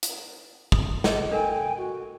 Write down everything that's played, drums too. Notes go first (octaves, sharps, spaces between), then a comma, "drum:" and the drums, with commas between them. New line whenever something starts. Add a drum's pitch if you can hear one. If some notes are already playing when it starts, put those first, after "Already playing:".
drum: hi-hat
D#6, drum: kick
G#4 D#5, drum: snare
D4 A4 A#4 G5 G#5
F#4